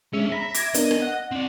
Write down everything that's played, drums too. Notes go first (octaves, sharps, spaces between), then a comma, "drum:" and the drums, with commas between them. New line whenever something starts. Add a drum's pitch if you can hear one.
G#3 C#4 D4 E5
E5 A#5 B5
D6 G#6 A#6, drum: hi-hat
B3 D4 A#4 D#5, drum: hi-hat
drum: rim click
F#5
C4 D5